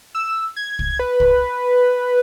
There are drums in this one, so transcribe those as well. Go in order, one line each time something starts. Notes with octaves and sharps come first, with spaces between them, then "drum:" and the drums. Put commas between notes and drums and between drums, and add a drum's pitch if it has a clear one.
E6
G#6
drum: kick
B4
drum: kick